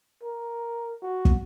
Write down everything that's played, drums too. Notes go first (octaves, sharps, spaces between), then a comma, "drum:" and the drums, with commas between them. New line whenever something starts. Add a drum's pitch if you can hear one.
A#4
F#4
drum: kick